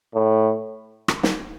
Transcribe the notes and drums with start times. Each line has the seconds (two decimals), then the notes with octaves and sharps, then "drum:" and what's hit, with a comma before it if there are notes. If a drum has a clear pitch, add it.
0.14 A2
1.08 drum: rim click
1.23 drum: snare